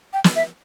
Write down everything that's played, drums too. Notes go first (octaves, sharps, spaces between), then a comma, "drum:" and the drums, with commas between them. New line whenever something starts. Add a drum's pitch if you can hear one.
G5
drum: snare
E5